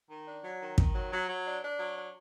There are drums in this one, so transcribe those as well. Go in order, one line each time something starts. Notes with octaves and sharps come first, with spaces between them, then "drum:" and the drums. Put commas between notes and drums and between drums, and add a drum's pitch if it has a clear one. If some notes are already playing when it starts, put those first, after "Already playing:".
D#3
D4
F#3
D#3
D#3, drum: kick
F#3
F#3
F#3
D4
D4
F#3
D4